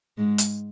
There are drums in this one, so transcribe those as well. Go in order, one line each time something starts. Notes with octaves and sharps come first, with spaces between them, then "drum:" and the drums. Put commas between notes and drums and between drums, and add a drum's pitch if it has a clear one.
G#2 G#3
drum: hi-hat